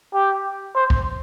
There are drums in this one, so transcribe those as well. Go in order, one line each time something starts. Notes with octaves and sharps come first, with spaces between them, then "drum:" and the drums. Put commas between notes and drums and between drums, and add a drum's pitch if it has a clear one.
G4
C5
drum: kick C2